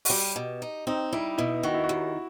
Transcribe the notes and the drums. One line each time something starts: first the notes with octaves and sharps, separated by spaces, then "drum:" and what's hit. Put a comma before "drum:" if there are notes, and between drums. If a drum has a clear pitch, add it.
F#4, drum: open hi-hat
G3 G4
B2
D#4
C4 D#4
G3 E4
B2 E4
D#3 F#4
E4
F#4
D#2